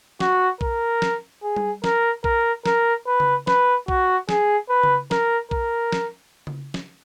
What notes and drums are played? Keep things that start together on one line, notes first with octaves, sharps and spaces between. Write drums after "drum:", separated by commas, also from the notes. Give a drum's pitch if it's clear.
F#4, drum: snare
A#4, drum: kick A#1
drum: snare
G#4
drum: tom G3
A#4, drum: snare
A#4, drum: kick A#1
A#4, drum: snare
B4
drum: tom C#3
B4, drum: snare
F#4, drum: kick A#1
G#4, drum: snare
B4
drum: tom C#3
A#4, drum: snare
A#4, drum: kick A#1
drum: snare
drum: tom C#3
drum: snare